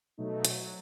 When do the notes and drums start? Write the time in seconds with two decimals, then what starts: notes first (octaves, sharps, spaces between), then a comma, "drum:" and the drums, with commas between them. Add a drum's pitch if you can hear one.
0.18 B2 F#3 A3 D#4
0.45 F#3, drum: hi-hat